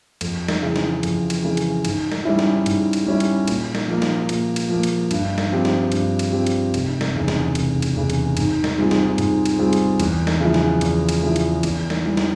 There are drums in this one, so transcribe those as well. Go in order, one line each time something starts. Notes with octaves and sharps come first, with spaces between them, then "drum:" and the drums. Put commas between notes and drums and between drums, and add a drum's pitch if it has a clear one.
F2, drum: cymbal
drum: snare
C#3 E3
drum: snare
F2, drum: cymbal
drum: cymbal
C#3 E3
drum: cymbal
G#2, drum: cymbal
drum: snare
G3 C#4 E4
drum: snare
G#2, drum: cymbal
drum: cymbal
G3 C#4 E4
drum: cymbal
A#2, drum: cymbal
drum: snare
F3 A#3
drum: snare
A#2, drum: cymbal
drum: cymbal
F3 A#3
drum: cymbal
G2, drum: cymbal
drum: snare
F3 C4 G4
drum: snare
G2, drum: cymbal
drum: cymbal
F3 C4 G4
drum: cymbal
F1, drum: cymbal
drum: snare
E2 C#3
drum: snare
F1, drum: cymbal
drum: cymbal
E2 C#3
drum: cymbal
G#2, drum: cymbal
drum: snare
G3 C4 F4 G#4
drum: snare
G#2, drum: cymbal
drum: cymbal
G3 C4 F4 G#4
drum: cymbal
E2, drum: cymbal
drum: snare
C#3 F3 G#3 E4
drum: snare
E2, drum: cymbal
drum: cymbal
C#3 F3 G#3 E4
drum: cymbal
E2, drum: cymbal
drum: snare
E3 G3
drum: snare